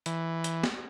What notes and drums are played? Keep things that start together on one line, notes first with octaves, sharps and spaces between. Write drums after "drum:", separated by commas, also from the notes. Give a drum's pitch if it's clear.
E3, drum: hi-hat
drum: hi-hat
drum: snare